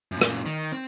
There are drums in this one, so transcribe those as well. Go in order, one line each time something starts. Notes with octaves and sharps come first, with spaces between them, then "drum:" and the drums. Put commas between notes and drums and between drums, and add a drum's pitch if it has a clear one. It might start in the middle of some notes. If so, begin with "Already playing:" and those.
F#2 A#2
drum: rim click
D#3
C4